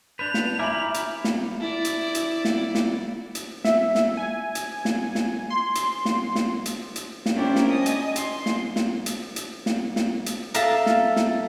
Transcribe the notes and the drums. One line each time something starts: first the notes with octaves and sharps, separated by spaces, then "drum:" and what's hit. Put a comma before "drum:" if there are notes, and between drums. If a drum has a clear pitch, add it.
D4 B4 G6 E7 F7
drum: snare
E4 E5 G#5 A#5 B5 D6 F6 D7
drum: hi-hat
drum: snare
E4 D5
drum: hi-hat
drum: hi-hat
drum: snare
drum: snare
drum: hi-hat
E5, drum: snare
drum: snare
G#5
drum: hi-hat
drum: snare
drum: snare
C6
drum: hi-hat
drum: snare
drum: snare
drum: hi-hat
drum: hi-hat
drum: snare
C#4 D4 E4 G4 A#4 C5
drum: snare
D#5 G#5 D#6
drum: hi-hat
C6, drum: hi-hat
drum: snare
drum: snare
drum: hi-hat
drum: hi-hat
drum: snare
drum: snare
drum: hi-hat
A4 E5 F5 A#5, drum: hi-hat
drum: snare
drum: snare